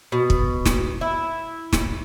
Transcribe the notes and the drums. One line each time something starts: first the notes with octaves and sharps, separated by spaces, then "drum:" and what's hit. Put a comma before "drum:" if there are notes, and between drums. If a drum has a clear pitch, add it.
B2
drum: kick
drum: snare
E4
drum: snare